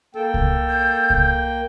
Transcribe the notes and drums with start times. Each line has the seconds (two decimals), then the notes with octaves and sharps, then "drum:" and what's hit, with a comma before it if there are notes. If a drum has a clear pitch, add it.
0.15 A#3 A4 G5
0.34 drum: kick C2
0.69 G6
1.10 drum: kick C2